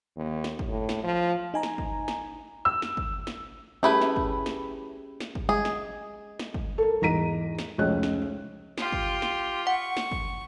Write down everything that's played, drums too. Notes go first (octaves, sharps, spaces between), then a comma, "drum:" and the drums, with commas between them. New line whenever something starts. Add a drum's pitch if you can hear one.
D#2
drum: snare
drum: kick
A2
drum: snare
F3
D#4 G#5 A#5
drum: snare
drum: kick
drum: snare
E6
drum: snare
drum: kick
drum: snare
A3 C#4 E4 G4 G#4 B4
drum: snare
drum: kick
drum: snare
drum: snare
drum: kick
G#3 G#4
drum: snare
drum: snare
drum: kick
A4 A#4
E2 G#2 A#5 B6 D#7
drum: snare
F1 C#2 C#4 F#6
drum: snare
F4 G4, drum: snare
drum: kick
drum: snare
F#5 C#6
drum: snare
drum: kick